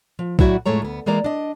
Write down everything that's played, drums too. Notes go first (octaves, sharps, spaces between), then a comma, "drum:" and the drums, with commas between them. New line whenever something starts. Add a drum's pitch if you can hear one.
F3
A2 F#3 E4 F#4 D5 E5, drum: kick
F2 A2 G#3 A3 C#5 A#5
D2 B3
E3 G#3 A#3 D5 A#5
D4 D#5